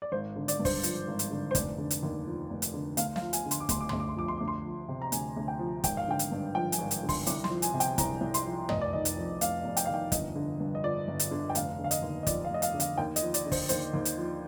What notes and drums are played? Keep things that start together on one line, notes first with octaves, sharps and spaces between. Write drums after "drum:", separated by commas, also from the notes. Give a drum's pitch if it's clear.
D5
G#1 C5
D3
D5, drum: hi-hat
G2
C5, drum: kick, open hi-hat
F3, drum: hi-hat
G#1
drum: hi-hat
D3
C5
F1 D5, drum: kick, hi-hat
D3
drum: hi-hat
D#2
F3
F1
drum: hi-hat
D3
D2 F5, drum: hi-hat
F5, drum: snare
F3
G#5, drum: hi-hat
D3
C6, drum: hi-hat
D6
D2 C6, drum: kick, hi-hat
D6
D2 C6, drum: tom
D6
C6
F3 D6
C6
D2 D6
C6
F3
C3
A#5
D2 G#5, drum: hi-hat
D2
G5
F3
G#1 G5, drum: kick, hi-hat
F5
D3 G5
drum: hi-hat
G2
F3 G5
G#5, drum: hi-hat
G#1
drum: hi-hat
D3
C6, drum: kick, open hi-hat
C2 D6, drum: hi-hat
C6, drum: snare
F3
G#5, drum: hi-hat
C3
G5, drum: hi-hat
C2 A#5, drum: kick, hi-hat
C2
C6, drum: hi-hat
F3
F1 D#5, drum: tom
D5
D#3 D#5
drum: hi-hat
F2
F1 F5, drum: hi-hat
F1
G5, drum: hi-hat
D#3 F5
G5
G1 D#5, drum: kick, hi-hat
D3
G2
D#5
F3 D5
G1
drum: hi-hat
D3
G5
F1 F5, drum: hi-hat
D3
F5
D#5, drum: hi-hat
D#2
D#5
F3 D5, drum: kick, hi-hat
F5
F1 D#5
F5, drum: hi-hat
D3
F5, drum: hi-hat
D#2 G5
D#5, drum: hi-hat
F3
D5, drum: hi-hat
D3
C5, drum: kick, open hi-hat
D#2 C5, drum: hi-hat
D#2
drum: hi-hat
F3